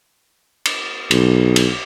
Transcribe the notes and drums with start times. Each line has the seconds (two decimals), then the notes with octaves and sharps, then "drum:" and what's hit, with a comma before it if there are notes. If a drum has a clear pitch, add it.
0.65 drum: cymbal
1.11 B1, drum: cymbal
1.56 drum: cymbal